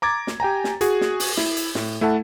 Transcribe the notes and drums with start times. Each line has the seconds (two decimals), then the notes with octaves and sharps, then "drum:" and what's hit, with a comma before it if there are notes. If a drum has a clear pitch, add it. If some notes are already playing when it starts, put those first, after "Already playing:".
0.02 A#5 D6 G#6 A6
0.27 drum: snare
0.40 G4 G5 G#5 A#5
0.64 drum: snare
0.81 F#4 G#4, drum: hi-hat
1.01 drum: snare
1.20 drum: open hi-hat
1.37 E4, drum: snare
1.57 drum: hi-hat
1.75 A2, drum: snare
2.01 A3 E4 A4 F#5 A5